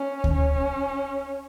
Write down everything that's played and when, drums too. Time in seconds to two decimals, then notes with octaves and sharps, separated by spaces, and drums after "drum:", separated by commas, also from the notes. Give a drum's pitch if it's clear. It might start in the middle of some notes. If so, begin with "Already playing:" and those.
Already playing: C#4
0.24 drum: kick D2
0.33 C#4